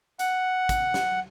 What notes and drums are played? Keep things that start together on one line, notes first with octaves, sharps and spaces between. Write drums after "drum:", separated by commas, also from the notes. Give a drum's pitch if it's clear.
F#5, drum: hi-hat
drum: kick, hi-hat
drum: snare